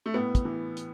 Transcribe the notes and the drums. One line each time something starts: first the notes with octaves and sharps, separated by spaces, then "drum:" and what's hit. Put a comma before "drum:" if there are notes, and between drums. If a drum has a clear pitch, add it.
A3
A2 B3
drum: kick, hi-hat
E3
drum: hi-hat